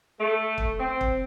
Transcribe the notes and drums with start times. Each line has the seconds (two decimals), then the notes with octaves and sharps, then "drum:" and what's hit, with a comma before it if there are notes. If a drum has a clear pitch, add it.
0.19 A3
0.58 drum: kick
0.79 C4
1.01 drum: kick